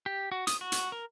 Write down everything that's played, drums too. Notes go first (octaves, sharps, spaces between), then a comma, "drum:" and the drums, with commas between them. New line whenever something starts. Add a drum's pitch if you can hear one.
G4
F#4
D#6, drum: hi-hat
F#4
drum: hi-hat
A#4